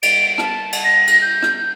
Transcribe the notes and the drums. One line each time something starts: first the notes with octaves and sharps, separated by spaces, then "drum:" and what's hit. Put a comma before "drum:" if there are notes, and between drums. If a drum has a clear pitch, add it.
D7, drum: cymbal
A5, drum: rim click
drum: cymbal
A#6
drum: cymbal
G6
drum: rim click